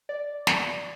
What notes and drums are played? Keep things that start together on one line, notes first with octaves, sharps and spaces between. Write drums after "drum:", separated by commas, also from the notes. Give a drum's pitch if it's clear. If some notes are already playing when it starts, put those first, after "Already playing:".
D5
drum: snare